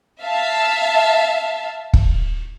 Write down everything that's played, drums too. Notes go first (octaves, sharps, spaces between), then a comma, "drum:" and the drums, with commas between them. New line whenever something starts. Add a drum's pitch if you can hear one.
E5 F5 A5
drum: kick